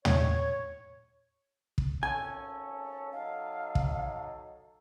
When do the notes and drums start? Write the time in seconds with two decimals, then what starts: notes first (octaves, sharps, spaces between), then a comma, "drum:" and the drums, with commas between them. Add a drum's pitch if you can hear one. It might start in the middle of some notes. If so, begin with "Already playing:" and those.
0.05 C#5, drum: tom
1.78 drum: kick
2.03 G#1 C#4 A4 G#5
3.13 F#3 D#4 A4 F5
3.75 drum: kick